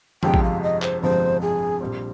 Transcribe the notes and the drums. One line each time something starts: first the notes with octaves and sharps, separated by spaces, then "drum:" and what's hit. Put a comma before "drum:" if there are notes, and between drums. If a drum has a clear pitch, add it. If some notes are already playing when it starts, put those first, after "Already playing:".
G1 F2 C3 F3 G#3 G5, drum: tom
drum: kick A1
F5
D#5
C5, drum: clap
G1 F2 C3 F3 G#3 C5
G#4
A#1 A#2 G3 C4